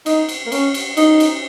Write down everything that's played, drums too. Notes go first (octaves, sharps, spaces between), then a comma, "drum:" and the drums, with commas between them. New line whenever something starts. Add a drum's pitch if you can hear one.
D#4, drum: cymbal
drum: cymbal
A#3
C#4, drum: cymbal
drum: cymbal
D#4, drum: cymbal
drum: cymbal